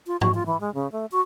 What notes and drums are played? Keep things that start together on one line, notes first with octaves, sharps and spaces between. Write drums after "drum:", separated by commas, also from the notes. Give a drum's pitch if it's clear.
F4
F#4, drum: tom G#2
F4
E3
G#3
C#3
A3
F#4